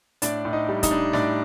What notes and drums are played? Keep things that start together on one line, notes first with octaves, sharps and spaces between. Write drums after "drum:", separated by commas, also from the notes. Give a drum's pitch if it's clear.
A2 D4 D5, drum: hi-hat
A2
D#4 D#5
G3
D#4 D#5, drum: kick C#1, hi-hat
D4
A2 D4 D5, drum: snare